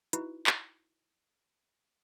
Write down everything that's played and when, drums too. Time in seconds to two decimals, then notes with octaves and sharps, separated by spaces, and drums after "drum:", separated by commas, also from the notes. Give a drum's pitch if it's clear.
0.13 D#4 E4 F#4 B4, drum: hi-hat
0.47 drum: clap